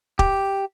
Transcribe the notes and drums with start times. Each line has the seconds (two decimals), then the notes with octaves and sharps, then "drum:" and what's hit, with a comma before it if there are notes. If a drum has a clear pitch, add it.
0.19 G4, drum: kick